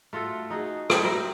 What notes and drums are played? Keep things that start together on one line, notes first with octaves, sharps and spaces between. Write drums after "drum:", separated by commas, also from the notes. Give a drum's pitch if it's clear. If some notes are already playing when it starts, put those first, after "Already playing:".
A3 F4 F#4 A4
D#4 F#4 G#4
G3 A3 C4, drum: rim click
F#3 A#4 C5 E5